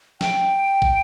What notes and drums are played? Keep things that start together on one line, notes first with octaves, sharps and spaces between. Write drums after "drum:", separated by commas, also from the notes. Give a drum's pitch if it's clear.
G5, drum: snare
drum: kick